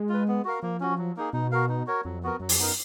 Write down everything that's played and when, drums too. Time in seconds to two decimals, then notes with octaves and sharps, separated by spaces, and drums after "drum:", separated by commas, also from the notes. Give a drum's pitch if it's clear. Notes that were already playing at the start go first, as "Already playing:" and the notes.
Already playing: G#3
0.09 F4 B4
0.28 B3
0.44 F#4 A#4 F5
0.63 F3 A#3
0.80 C#4 F#4
0.98 F#3
1.17 A#3 D#4 G#4
1.33 B2 D#4
1.51 F#4 A#4 F5
1.69 D#4
1.87 F#4 A#4 C#5
2.04 F2 F#3
2.23 B3 F#4 A#4
2.40 F#2 F#3
2.49 F2, drum: open hi-hat
2.58 F#2 B3 D#4 A#4